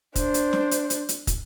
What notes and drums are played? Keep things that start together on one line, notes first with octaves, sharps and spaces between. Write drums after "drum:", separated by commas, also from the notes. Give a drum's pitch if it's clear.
D4 C5, drum: kick, hi-hat
drum: hi-hat
drum: snare
drum: hi-hat
drum: hi-hat
drum: hi-hat
drum: kick, hi-hat